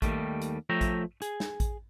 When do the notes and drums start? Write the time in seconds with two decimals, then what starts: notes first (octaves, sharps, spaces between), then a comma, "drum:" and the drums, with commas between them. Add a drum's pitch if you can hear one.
0.02 D#2 D#3 G3 A3, drum: kick A1, hi-hat
0.42 drum: hi-hat
0.69 F3 A3 C#5 E5 G5 A#5
0.81 drum: kick A1, hi-hat
1.22 G#4, drum: hi-hat
1.40 drum: snare
1.60 drum: kick A1, hi-hat